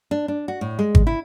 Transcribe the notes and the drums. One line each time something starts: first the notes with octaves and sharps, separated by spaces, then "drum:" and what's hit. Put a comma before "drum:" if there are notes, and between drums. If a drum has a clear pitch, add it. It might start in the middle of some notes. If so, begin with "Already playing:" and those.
D4
D4
F#4
A2
G#3
drum: kick G#1
E4